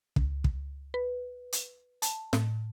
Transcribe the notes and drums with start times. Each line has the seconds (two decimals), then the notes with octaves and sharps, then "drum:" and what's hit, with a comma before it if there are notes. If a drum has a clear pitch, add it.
0.16 C#2, drum: kick
0.44 drum: kick
0.94 B4
1.53 drum: hi-hat
2.02 A5, drum: hi-hat
2.33 A2, drum: snare